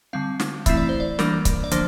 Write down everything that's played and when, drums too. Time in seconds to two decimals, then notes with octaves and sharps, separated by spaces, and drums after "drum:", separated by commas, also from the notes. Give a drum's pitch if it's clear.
0.13 D3 G3 C4 F5
0.40 drum: snare
0.66 E3 A3 C4 E4 E5, drum: kick C#1, hi-hat
0.77 D5
0.89 C5
1.00 D5
1.19 E3 G3 A#3 D4 A#4, drum: snare
1.45 drum: kick C#1, hi-hat
1.64 D5
1.71 D3 F3 A#3 D4 C5, drum: hi-hat